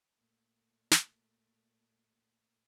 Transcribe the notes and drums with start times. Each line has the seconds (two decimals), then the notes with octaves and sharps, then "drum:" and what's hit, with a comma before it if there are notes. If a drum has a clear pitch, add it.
0.18 A#2 A3
0.91 drum: snare